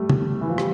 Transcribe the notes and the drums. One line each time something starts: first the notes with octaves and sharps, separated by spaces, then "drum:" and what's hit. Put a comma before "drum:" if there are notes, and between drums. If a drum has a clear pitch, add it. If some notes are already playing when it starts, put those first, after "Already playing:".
Already playing: G3 A3
drum: tom
E3
F3
G3, drum: rim click